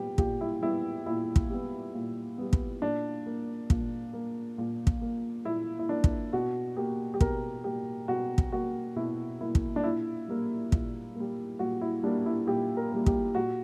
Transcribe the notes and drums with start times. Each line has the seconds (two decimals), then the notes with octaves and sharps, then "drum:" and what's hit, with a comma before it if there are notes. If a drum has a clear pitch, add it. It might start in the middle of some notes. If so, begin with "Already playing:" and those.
Already playing: A#2 G3 B3 G4
0.18 A#2 G4, drum: kick
0.41 E4
0.62 G3 B3 E4
1.06 A#2 E4
1.36 drum: kick
1.50 G3 B3
1.94 A#2
2.38 G3 B3
2.53 drum: kick
2.82 A#2 D4
3.26 A#3
3.70 A#2, drum: kick
4.13 A#3
4.58 A#2
4.87 drum: kick
5.02 A#3
5.45 A#2 E4
5.79 E4
5.89 A#3 D4
6.04 drum: kick
6.33 B2 F#4
6.77 A#3 G4
7.14 G4
7.21 B2 A#4, drum: kick
7.64 A#3 G4
8.08 B2 F#4
8.38 drum: kick
8.52 A#3 F#4
8.96 B2 E4
9.41 A#3 E4
9.55 drum: kick
9.76 D4
9.84 A#2 E4
10.28 G3 A#3
10.72 A#2, drum: kick
11.15 G3 A#3
11.59 A#2 F#4
11.81 E4
12.03 G3 A#3 D4
12.26 E4
12.47 A#2 G4
12.77 A#4
12.92 G3 A#3
13.06 G4, drum: kick
13.35 A#2 F#4